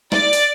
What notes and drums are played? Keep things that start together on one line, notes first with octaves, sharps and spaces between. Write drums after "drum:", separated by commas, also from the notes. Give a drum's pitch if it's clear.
D5, drum: snare
drum: open hi-hat